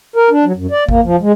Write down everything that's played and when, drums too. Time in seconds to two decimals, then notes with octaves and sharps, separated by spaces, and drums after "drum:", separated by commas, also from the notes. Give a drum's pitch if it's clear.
0.16 A#4
0.31 D4
0.45 F#3
0.57 F#2
0.71 D5
0.89 A#3, drum: kick G#1
1.04 F3
1.21 G#3